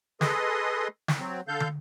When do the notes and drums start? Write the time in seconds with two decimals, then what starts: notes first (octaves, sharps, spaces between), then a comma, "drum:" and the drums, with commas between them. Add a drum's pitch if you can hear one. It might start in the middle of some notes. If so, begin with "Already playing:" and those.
0.21 G#4 A4 B4 D#5 C6 D#6, drum: snare
1.08 drum: snare
1.19 F#3 C4
1.48 D3 A4 F5 G6
1.60 drum: tom